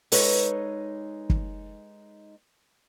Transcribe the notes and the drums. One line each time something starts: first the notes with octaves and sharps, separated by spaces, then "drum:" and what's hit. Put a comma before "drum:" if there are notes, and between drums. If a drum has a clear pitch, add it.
G#3 D#4 A4 B4 C#5, drum: open hi-hat
drum: kick